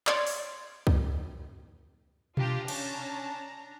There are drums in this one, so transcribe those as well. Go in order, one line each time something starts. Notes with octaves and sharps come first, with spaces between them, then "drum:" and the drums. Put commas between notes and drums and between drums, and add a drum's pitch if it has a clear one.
C#5 D5 C6 G#6, drum: clap
drum: open hi-hat
drum: kick C#2
D4 F4 G4 A#5, drum: tom B2
C#4 A5, drum: cymbal